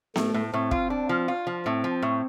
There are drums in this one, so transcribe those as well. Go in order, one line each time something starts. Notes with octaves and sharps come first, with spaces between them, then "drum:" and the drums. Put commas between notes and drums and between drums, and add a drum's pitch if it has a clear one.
A2 A3, drum: snare B3
A2
A2 C4
F4, drum: kick
D4
F3
F4
F3
A2 C4
F3
A2